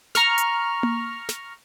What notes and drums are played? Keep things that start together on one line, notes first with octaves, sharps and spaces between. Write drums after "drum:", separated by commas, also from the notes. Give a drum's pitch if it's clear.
A#5 C#6 F6, drum: snare
drum: hi-hat
drum: tom A#3
drum: snare